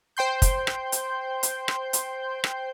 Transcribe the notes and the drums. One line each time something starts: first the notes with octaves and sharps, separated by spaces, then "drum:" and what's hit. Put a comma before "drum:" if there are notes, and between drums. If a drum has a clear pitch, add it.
C5 G5 C6 G6
drum: kick, hi-hat
drum: rim click
drum: hi-hat
drum: hi-hat
drum: rim click
drum: hi-hat
drum: rim click